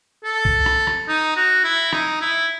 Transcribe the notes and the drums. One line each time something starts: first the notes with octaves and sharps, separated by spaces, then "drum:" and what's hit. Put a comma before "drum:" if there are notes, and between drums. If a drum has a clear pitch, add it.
A4
drum: kick C2
drum: rim click
drum: rim click
D#4
F#4
E4
D#4, drum: rim click
E4